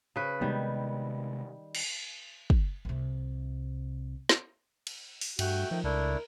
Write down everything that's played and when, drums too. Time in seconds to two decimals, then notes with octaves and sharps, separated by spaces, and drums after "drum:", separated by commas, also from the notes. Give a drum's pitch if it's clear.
0.16 C#3 B4
0.41 C3 D#3 G3 G#3 B3
1.75 drum: cymbal
2.50 drum: kick
2.85 C2 C3
4.29 drum: snare
4.87 drum: cymbal
5.21 drum: open hi-hat
5.39 G2 A3 F#4 G5, drum: cymbal
5.71 D#3 F3
5.84 C#2 A3 D4 E4 A#4